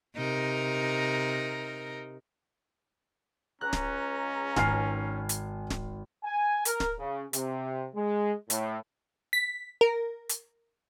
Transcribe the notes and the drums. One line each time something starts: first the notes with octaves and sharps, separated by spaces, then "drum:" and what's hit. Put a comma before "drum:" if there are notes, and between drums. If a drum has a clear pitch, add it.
C3 D#4 A#4
C#2 C#4 A#5 F#6
drum: snare
G#1 G#5 F6 C7, drum: snare
drum: hi-hat
drum: snare
G#5
A#4, drum: hi-hat
drum: snare
C#3
C3, drum: hi-hat
G#3
A2, drum: hi-hat
B6
A#4
drum: hi-hat